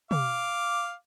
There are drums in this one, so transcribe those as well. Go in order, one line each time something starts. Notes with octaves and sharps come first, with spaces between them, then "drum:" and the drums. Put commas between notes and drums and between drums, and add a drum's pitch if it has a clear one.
F5 D6, drum: tom